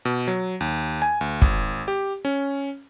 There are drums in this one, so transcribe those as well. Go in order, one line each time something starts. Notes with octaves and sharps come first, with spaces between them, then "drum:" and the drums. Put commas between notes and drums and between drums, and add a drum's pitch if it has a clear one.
B2
F#3
D#2
G#5
D2
G#1, drum: kick
G4
C#4